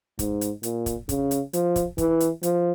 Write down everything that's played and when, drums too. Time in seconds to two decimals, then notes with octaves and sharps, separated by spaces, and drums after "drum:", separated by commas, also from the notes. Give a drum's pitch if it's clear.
0.19 G#2, drum: kick, hi-hat
0.41 drum: hi-hat
0.63 A#2, drum: hi-hat
0.86 drum: kick, hi-hat
1.09 C#3, drum: kick, hi-hat
1.31 drum: hi-hat
1.53 F3, drum: hi-hat
1.76 drum: kick, hi-hat
1.98 E3, drum: kick, hi-hat
2.20 drum: hi-hat
2.43 F3, drum: hi-hat